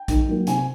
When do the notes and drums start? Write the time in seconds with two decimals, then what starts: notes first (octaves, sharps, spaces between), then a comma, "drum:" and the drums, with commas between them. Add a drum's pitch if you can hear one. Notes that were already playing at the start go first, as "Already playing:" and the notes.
Already playing: G5
0.08 D#3, drum: kick A#1, hi-hat
0.28 F#3 A#3
0.47 C3 G#5, drum: hi-hat